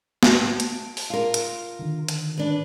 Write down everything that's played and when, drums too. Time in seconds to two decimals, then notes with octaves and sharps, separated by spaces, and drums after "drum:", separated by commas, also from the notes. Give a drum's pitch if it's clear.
0.23 A5 D7, drum: snare
0.60 drum: hi-hat
0.97 drum: open hi-hat
1.10 F4 A#4 F5
1.34 drum: hi-hat
1.79 D3 D#3
2.08 drum: hi-hat
2.37 D4 B4